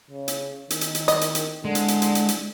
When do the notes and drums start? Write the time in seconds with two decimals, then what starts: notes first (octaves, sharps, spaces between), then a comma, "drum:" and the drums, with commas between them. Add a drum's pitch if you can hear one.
0.11 C#3
0.28 drum: hi-hat
0.70 D#3, drum: hi-hat
0.81 drum: hi-hat
0.95 drum: hi-hat
1.08 D#5, drum: hi-hat
1.21 drum: hi-hat
1.35 drum: hi-hat
1.65 D3 G#3
1.75 drum: hi-hat
1.88 drum: hi-hat
2.02 drum: hi-hat
2.15 drum: hi-hat
2.28 drum: hi-hat